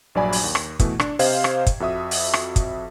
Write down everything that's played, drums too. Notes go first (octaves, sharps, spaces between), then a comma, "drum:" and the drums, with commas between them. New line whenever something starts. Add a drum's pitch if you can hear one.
A#1 G2 F#3 D5 G#5 B5
drum: open hi-hat
D#2
drum: rim click
B2 E3 A3, drum: kick, hi-hat
D4, drum: rim click
C3 G4 C5 D#5 F5 G#6, drum: open hi-hat
drum: rim click
drum: kick, hi-hat
F2 F#4 E5 D#6
drum: open hi-hat
drum: rim click
drum: kick, hi-hat